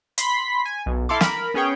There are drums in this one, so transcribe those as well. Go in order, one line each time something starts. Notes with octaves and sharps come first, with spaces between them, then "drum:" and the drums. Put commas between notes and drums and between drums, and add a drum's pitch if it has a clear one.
B5 C6 B6, drum: hi-hat
G#5
B1
E4 A4 F5 C6 D6
A#4 B5, drum: snare
B3 C#4 G#4 C#5 G5